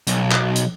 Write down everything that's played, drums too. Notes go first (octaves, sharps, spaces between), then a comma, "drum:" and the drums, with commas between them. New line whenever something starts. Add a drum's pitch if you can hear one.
B1, drum: hi-hat
drum: clap
drum: hi-hat